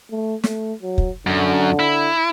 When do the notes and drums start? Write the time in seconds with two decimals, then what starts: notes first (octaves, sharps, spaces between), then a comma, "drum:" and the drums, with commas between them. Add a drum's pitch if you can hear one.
0.11 A3
0.44 A3, drum: snare
0.83 F#3
0.98 drum: kick
1.27 F#2 D3
1.79 E4